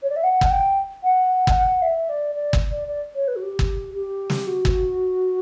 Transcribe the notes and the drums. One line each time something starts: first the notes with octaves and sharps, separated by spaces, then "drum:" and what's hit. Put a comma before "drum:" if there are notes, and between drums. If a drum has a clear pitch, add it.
C#5
D5
E5
F#5
drum: kick
G5
F#5
drum: kick
E5
D5
D5
drum: kick
D5
D5
C#5
B4
F#4
G4
drum: kick
G4
drum: snare
F#4
drum: kick